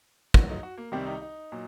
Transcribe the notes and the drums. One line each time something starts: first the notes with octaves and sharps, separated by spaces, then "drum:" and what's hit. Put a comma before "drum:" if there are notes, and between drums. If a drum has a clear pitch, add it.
F#2 F#3 F#4, drum: kick
D#4
F#4
A#3
C2 C3 D#3 G3 C4
D#4
D#4
A#2 F#3